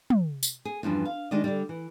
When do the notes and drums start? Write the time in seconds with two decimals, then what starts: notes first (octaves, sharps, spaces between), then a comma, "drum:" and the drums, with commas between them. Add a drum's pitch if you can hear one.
0.10 drum: tom
0.43 drum: tambourine
0.65 G#4
0.83 E2 G2 F3 C#4
1.05 F5
1.31 D#3 G#3 D4 G4 D#5
1.44 D3 G3
1.69 E3